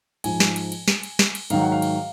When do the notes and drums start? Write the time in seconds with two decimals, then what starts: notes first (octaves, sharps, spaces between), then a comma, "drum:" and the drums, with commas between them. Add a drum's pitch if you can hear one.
0.24 G#2 F3 G#5, drum: cymbal
0.40 drum: snare
0.56 drum: cymbal
0.72 drum: cymbal
0.88 drum: snare
1.03 drum: cymbal
1.19 drum: snare
1.35 drum: cymbal
1.50 G#2 D#3 F#3 F5, drum: cymbal
1.61 F#5
1.72 F5
1.82 drum: cymbal